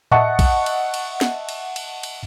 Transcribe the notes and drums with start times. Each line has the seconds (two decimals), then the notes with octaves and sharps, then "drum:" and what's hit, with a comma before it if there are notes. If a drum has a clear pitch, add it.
0.11 D#5 E5 F#5 A5 C#6, drum: tom A2
0.39 drum: kick, cymbal
0.66 drum: cymbal
0.94 drum: cymbal
1.21 drum: snare
1.49 drum: cymbal
1.76 drum: cymbal
2.03 drum: cymbal